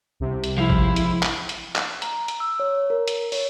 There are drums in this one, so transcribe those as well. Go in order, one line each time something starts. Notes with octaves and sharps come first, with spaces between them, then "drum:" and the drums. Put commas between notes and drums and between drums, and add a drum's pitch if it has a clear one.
C2 C3
drum: hi-hat
F3 G#3 E4 F5
drum: kick G#1
drum: hi-hat
drum: clap
drum: hi-hat
drum: clap
A#5, drum: hi-hat
drum: hi-hat
E6
C#5
A#4
drum: hi-hat
C#5, drum: open hi-hat